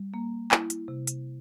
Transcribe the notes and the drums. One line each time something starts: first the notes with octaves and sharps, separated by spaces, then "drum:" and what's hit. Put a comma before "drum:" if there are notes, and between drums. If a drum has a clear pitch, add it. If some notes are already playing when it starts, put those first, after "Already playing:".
Already playing: G3
A#3
E4, drum: clap
drum: hi-hat
C3
drum: hi-hat